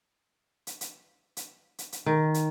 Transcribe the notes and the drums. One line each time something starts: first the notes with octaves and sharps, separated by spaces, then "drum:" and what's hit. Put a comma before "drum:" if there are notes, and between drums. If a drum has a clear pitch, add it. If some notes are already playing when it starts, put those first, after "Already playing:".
drum: hi-hat
drum: hi-hat
drum: hi-hat
drum: hi-hat
drum: hi-hat
D#3
drum: hi-hat